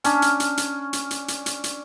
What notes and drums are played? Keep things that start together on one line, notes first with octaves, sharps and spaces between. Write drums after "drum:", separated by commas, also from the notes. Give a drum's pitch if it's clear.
C#4 D4, drum: hi-hat
drum: hi-hat
drum: hi-hat
drum: hi-hat
drum: hi-hat
drum: hi-hat
drum: hi-hat
drum: hi-hat
drum: hi-hat